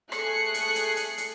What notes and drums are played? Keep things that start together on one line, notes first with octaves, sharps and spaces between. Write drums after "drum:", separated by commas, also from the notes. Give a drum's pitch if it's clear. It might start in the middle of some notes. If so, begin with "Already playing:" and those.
A3 G#4 F#6 C7 C#7, drum: rim click
drum: hi-hat
drum: hi-hat
drum: hi-hat
drum: hi-hat